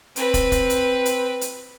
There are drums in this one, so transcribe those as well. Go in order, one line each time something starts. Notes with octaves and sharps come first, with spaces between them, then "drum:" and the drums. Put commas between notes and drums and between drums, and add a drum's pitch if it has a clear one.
C4 B4, drum: hi-hat
drum: kick, hi-hat
drum: kick, hi-hat
drum: hi-hat
drum: hi-hat
drum: hi-hat